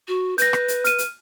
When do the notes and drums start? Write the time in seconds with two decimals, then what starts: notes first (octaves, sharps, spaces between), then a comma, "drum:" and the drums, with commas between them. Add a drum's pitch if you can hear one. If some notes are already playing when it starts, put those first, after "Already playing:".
0.08 F#4
0.38 B4 G6 A#6, drum: hi-hat
0.53 drum: rim click
0.68 drum: hi-hat
0.84 F6 D#7, drum: hi-hat
0.98 drum: hi-hat